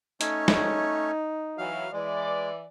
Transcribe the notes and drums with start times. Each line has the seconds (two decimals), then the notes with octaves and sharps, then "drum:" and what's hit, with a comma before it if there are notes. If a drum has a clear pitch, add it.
0.21 A3 C#4 D#4 C#5, drum: hi-hat
0.48 drum: snare
1.58 E3 F#3 F5
1.93 E3 G#3 D5